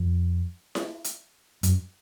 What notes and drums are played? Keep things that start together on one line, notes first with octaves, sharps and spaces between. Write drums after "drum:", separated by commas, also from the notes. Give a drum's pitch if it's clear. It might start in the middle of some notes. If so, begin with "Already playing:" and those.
Already playing: F2
drum: snare E4
drum: hi-hat
F#2, drum: hi-hat